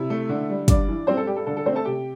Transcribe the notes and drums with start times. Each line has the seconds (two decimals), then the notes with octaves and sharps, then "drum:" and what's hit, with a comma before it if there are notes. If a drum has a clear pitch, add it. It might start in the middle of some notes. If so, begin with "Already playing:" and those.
Already playing: C3 E4 E5
0.10 A3
0.29 D3
0.50 G3
0.68 G2 D4 D5, drum: kick, hi-hat
0.88 E3
1.07 G2 C4 C5
1.17 A4
1.26 G3 G4
1.36 A4
1.46 D3 A4
1.57 A4
1.66 A3 C4 C5
1.75 A4 A5
1.85 C3 G4 G5